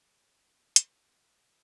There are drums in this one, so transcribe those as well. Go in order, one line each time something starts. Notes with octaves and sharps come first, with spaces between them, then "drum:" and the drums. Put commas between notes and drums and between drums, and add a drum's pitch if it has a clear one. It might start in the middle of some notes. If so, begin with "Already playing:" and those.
A#3 C#4 F4 A#4 C#5
drum: hi-hat
G#3 D#4